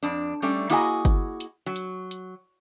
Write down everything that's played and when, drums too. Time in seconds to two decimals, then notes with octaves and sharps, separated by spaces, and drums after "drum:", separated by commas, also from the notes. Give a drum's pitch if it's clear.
0.03 F2 D4
0.42 G3 A3 C#4 D4
0.70 A#3 E4 F#4 G#4 D#5 G#5, drum: hi-hat
1.05 drum: kick G1, hi-hat
1.40 drum: hi-hat
1.66 F#3
1.76 drum: hi-hat
2.11 drum: hi-hat